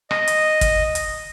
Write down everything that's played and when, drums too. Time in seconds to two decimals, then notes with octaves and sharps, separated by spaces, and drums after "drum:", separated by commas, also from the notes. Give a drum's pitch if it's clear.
0.11 D#5, drum: rim click
0.28 drum: hi-hat
0.61 drum: kick G#1, hi-hat
0.95 drum: hi-hat